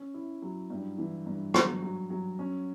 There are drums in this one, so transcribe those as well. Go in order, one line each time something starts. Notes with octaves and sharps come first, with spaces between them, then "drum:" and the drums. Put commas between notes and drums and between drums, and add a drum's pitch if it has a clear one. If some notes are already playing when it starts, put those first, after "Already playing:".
Already playing: C#4
E4
F#3
G2
E3
G2
F#3, drum: rim click
F#3
F#3
C#4